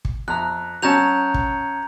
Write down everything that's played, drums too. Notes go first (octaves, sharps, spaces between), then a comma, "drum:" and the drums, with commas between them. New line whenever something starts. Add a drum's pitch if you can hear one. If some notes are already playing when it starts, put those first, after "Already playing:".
drum: kick
F2 A#5 F#6
F#3 C#4 A5 A#5 G6 F7
drum: kick